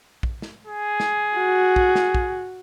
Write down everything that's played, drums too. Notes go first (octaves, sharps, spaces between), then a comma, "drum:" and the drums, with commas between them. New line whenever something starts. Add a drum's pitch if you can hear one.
drum: kick
drum: snare
G#4
drum: snare
F#4
drum: kick
drum: snare
drum: kick